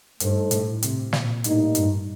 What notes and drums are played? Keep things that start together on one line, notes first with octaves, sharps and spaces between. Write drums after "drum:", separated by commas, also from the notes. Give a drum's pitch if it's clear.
G2 A3 D#4 A4 C5, drum: hi-hat
A2, drum: hi-hat
C3, drum: hi-hat
A#2, drum: snare
A2 G3 A#3 D#4, drum: hi-hat
G2, drum: hi-hat